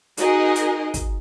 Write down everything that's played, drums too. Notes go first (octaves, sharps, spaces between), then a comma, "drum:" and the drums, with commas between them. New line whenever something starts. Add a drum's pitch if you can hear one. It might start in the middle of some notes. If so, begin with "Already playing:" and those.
D#4 F#4 G#4 A#4 D#5, drum: hi-hat
drum: hi-hat
drum: kick, hi-hat